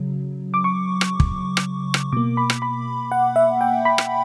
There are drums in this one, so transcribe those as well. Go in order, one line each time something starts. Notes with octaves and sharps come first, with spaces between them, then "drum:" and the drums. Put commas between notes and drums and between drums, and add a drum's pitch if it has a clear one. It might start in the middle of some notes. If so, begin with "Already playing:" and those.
Already playing: C#3 F#3
D6
C#6
drum: rim click
drum: kick
drum: rim click
drum: rim click
B2 A#3 D6
B5
drum: rim click
B5
F#5
E5
G5
B5
drum: rim click